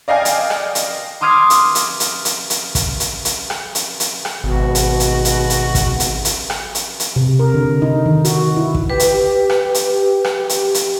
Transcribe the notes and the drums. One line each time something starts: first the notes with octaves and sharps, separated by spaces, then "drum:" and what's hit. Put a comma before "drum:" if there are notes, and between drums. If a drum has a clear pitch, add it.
D5 D#5 F5 G5 G#5
drum: hi-hat
drum: rim click
drum: hi-hat
C6 D6 D#6 F6 G#6 C7
drum: hi-hat
drum: hi-hat
drum: hi-hat
drum: hi-hat
drum: hi-hat
drum: kick, hi-hat
drum: hi-hat
drum: hi-hat
drum: rim click
drum: hi-hat
drum: hi-hat
drum: rim click
G#1 B2 F#4
drum: hi-hat
drum: hi-hat
drum: hi-hat
drum: hi-hat
drum: kick, hi-hat
drum: hi-hat
drum: hi-hat
drum: rim click
drum: hi-hat
drum: hi-hat
C3
A#4
D3
D#4
D#3
F#4, drum: hi-hat
E4
drum: kick
G4 B4
drum: hi-hat
drum: rim click
drum: hi-hat
drum: rim click
drum: hi-hat
drum: hi-hat